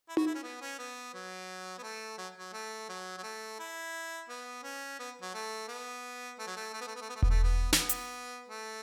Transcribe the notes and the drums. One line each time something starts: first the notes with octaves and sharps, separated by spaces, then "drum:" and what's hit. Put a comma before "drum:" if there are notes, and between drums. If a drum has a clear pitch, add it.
E4
F#4, drum: tom D#4
E4
C#4
B3
C#4
B3
F#3
B3
A3
F#3
F#3
A3
F#3
F#3
A3
E4
B3
C#4
B3
F#3
A3
B3
A3
F#3
A3
A3
B3
A3
B3
A3
B3
A3
B3, drum: kick E1
A3
B3
C#4, drum: snare
B3
drum: hi-hat
A3